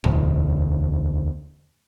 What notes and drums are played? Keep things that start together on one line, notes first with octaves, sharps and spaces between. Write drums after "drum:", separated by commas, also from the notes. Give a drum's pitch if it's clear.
E1 D2, drum: tom A2